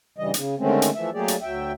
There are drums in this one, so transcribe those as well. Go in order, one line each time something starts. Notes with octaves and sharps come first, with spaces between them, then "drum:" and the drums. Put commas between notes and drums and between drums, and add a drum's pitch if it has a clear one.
G2 C#3 E3 G3 D#5
C#3, drum: hi-hat
D3 D#3 G#3 A3 C4 C#4
drum: hi-hat
E3 F3 A3 E5
F#3 A3 A#3 G4 G#4 D5
drum: hi-hat
D2 F#3 E5 G5